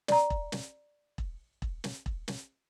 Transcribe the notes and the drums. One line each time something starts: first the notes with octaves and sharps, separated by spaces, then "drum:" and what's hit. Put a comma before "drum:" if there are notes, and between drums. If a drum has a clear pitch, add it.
D5 A#5, drum: snare
drum: kick E1
drum: snare
drum: kick E1
drum: kick E1
drum: snare
drum: kick E1
drum: snare